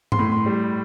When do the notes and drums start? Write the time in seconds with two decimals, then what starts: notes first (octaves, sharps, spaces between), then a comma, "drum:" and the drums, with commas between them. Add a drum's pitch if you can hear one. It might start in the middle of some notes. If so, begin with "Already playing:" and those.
0.12 C6, drum: tom G2
0.19 A2
0.32 C6
0.46 G3